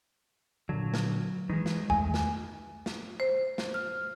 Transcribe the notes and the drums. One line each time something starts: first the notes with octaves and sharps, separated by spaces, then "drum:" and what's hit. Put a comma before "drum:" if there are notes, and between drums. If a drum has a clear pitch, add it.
A#2 D3 F#3
drum: snare
D#3 E3 G#3
drum: snare
E2 A3 G#5, drum: kick
drum: snare
drum: snare
C5
drum: snare
F6